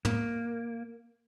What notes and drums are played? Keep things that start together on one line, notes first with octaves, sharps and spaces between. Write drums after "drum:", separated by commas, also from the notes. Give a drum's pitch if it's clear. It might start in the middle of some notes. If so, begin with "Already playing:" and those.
A#3, drum: tom